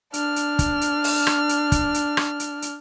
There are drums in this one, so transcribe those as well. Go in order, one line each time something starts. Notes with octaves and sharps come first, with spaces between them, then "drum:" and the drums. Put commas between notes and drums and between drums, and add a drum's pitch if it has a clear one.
D4 F6, drum: hi-hat
drum: hi-hat
drum: kick, hi-hat
drum: hi-hat
drum: open hi-hat
drum: rim click
drum: hi-hat
drum: kick, hi-hat
drum: hi-hat
drum: rim click
drum: hi-hat
drum: hi-hat